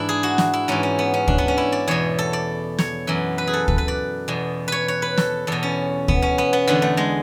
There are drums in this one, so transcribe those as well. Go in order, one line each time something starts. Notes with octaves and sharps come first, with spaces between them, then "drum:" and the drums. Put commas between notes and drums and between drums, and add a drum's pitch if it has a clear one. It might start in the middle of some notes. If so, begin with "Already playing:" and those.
Already playing: G#2 E3 D4 E4
G#4
F#4
drum: snare
E4
G#2 E3 C#4
C#4
B3
C#4
D4, drum: kick
B3
C#4
E4
D5
E2 B2 C#5
A4
D5
C#5, drum: snare
F#2 E3
B4
G#4
A4
B4, drum: kick
B4
D5
E2 B2
B4 C#5
C#5
B4
A4, drum: snare
E2 B2 A4
C#4
B3, drum: kick
C#4
B3
B3
E2 D3 B3
A3
G#3